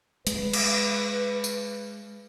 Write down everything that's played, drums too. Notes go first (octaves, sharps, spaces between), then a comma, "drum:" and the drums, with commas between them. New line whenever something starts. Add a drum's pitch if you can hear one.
G#3 B4, drum: hi-hat
drum: cymbal
drum: tambourine